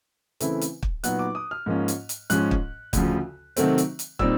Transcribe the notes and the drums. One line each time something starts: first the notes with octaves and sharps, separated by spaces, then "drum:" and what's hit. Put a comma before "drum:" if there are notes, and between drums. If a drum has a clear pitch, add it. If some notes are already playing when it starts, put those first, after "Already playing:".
C#3 E3 A3 C4 E4, drum: hi-hat
drum: hi-hat
drum: kick
A#2 F#3 B3 D#4 F#6, drum: hi-hat
D6
D#6
F6
G#2 F3 A#3 C#4
drum: hi-hat
drum: hi-hat
G#2 F3 G#3 C#4 F#6, drum: hi-hat
drum: kick
D2 C#3 F3, drum: kick, hi-hat
C3 D#3 F#3 A3 C4, drum: hi-hat
drum: hi-hat
drum: hi-hat
A#2 G3 C4 D#4 E6, drum: kick